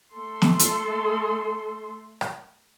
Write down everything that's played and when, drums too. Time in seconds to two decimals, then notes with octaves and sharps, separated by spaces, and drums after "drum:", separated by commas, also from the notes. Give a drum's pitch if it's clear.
0.15 A3 A4 C6
0.42 drum: snare
0.59 drum: hi-hat
2.21 drum: rim click